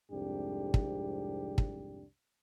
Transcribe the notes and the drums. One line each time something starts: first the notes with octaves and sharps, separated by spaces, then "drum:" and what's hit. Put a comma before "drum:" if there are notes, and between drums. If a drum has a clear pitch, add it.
C2 F2 G#2 D4 G4
drum: kick
drum: kick